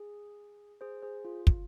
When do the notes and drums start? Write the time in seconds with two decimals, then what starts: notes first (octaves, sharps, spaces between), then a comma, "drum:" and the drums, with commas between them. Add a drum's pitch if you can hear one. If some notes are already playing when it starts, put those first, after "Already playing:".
Already playing: G#4
0.81 G#4 C5
1.03 G#4 C5
1.25 F4
1.47 drum: kick